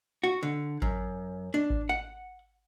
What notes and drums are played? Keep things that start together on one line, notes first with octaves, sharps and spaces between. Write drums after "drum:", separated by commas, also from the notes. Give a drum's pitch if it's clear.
F#4
D3
F#2, drum: kick G#1
D4
drum: kick G#1
F#5